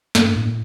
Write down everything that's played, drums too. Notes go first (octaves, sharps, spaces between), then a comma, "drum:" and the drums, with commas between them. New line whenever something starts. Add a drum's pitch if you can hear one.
G2, drum: snare
A2